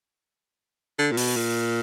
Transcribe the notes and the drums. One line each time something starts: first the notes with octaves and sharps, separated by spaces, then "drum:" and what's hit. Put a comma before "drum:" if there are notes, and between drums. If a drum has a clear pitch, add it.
D3
A#2
B2, drum: open hi-hat
A#2